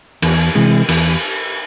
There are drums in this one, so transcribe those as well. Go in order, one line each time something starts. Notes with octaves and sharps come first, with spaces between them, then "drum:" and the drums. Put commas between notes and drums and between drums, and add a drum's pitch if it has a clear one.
E2, drum: cymbal
C3 E3 G#3
E2, drum: cymbal